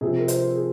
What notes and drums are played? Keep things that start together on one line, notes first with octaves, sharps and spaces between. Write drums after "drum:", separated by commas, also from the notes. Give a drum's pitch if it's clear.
C3 F3 C4 G#4
A#4
C5, drum: hi-hat
G#4